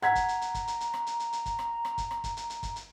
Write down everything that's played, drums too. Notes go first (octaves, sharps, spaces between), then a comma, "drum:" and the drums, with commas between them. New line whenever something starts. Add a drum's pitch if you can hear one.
F#5 A#5 G#6 B6, drum: rim click
drum: kick, hi-hat
drum: hi-hat
drum: hi-hat
drum: kick, hi-hat
drum: hi-hat
drum: hi-hat
drum: rim click
drum: hi-hat
drum: hi-hat
drum: hi-hat
drum: kick, hi-hat
drum: rim click
drum: rim click
drum: kick, hi-hat
drum: rim click
drum: kick, hi-hat
drum: hi-hat
drum: hi-hat
drum: kick, hi-hat
drum: hi-hat